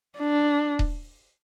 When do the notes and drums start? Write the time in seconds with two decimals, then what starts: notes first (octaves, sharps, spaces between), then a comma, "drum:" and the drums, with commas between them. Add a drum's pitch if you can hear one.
0.18 D4
0.79 drum: kick D#1